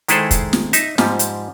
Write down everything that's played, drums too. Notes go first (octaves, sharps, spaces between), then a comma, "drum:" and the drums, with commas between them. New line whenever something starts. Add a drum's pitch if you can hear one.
D#3 G#3 E4 G#4 A4 C5, drum: hi-hat
drum: kick, hi-hat
drum: snare
D#4 E5, drum: hi-hat
G#2 F3 G3, drum: snare
drum: hi-hat